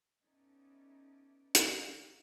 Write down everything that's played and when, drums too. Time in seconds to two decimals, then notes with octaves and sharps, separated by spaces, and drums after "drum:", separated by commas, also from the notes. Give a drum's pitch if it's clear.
0.23 B3 C#4 D#4 A4 D5 E5
1.55 drum: hi-hat